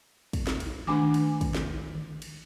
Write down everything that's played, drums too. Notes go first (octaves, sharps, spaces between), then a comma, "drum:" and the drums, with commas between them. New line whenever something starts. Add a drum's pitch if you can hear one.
drum: kick, cymbal
drum: snare
drum: cymbal
D#3 A3 D4 G#5 D6, drum: tom D3
drum: cymbal
drum: kick, cymbal
drum: snare
drum: tom D3
drum: cymbal